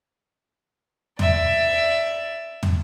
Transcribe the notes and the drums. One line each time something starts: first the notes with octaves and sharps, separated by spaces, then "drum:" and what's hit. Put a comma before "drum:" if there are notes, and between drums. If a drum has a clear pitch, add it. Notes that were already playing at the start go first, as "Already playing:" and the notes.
D5 E5, drum: tom
drum: tom